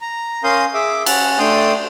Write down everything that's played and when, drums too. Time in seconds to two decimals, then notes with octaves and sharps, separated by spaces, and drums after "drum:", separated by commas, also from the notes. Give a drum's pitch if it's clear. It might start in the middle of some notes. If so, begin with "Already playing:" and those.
0.01 A#5
0.44 C#4 A#4 F5 C6 D#6 G6
0.74 G#4 E5 D6 E6
1.06 C#4 F#5 A5, drum: cymbal
1.39 A3 D4 G5 C6 D#6 G6